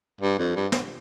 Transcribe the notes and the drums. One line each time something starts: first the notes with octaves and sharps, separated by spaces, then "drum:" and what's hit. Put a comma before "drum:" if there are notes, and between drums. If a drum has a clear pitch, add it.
G2
F2
G2
drum: snare